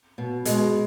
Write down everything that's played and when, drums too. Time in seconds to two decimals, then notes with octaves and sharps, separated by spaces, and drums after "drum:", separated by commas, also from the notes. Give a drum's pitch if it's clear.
0.18 B2
0.45 B2 G#3, drum: hi-hat